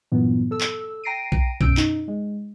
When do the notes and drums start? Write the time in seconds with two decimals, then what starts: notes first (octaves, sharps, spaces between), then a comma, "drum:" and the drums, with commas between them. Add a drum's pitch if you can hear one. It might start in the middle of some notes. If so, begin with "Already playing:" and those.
0.12 G2 A#2 E3 F#3 B3
0.51 A4 E6
0.61 drum: clap
1.04 G5 A#5 A#6 C7 D7 D#7
1.32 drum: kick
1.61 F#2 B2 C#4 E6 G6 D7, drum: kick
1.77 D#4, drum: clap
2.08 G#3